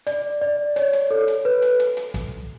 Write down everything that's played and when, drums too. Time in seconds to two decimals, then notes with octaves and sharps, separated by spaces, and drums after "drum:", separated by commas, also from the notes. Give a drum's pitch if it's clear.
0.07 D5, drum: hi-hat
0.42 D5
0.76 C#5, drum: hi-hat
0.93 drum: hi-hat
1.11 A4
1.28 drum: hi-hat
1.45 B4
1.62 drum: hi-hat
1.80 drum: hi-hat
1.97 drum: hi-hat
2.14 drum: kick, hi-hat